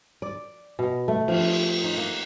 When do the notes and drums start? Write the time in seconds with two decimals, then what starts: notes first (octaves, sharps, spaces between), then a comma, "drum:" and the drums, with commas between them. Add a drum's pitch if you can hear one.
0.22 D5
0.79 B2
1.08 A3
1.28 F3, drum: cymbal
1.84 D#4
1.98 A#3